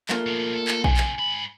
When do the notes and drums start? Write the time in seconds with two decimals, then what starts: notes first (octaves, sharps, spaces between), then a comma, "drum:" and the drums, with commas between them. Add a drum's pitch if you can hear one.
0.09 A3 A#3 F4, drum: clap
0.26 B2 F3
0.55 A4
0.68 drum: clap
0.84 A2 C3 G#5, drum: kick A#1
0.97 drum: clap
1.18 G#2 B5